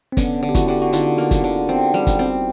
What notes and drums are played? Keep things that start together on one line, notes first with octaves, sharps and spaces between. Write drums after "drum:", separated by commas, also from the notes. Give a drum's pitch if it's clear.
C4
D3 B3 C#4, drum: kick, hi-hat
D3
G4
E4 F#4, drum: kick, hi-hat
D3 G4
F#4
D3 D#4 F4, drum: hi-hat
A#3
drum: kick, hi-hat
D3
C4
G3
drum: kick, hi-hat
C4